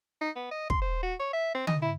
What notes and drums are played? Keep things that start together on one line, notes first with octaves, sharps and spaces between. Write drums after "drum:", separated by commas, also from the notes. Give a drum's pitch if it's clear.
D#4
B3
D#5
C6, drum: kick
C5
F#4
C#5
E5
C4
D#5, drum: tom D3
E4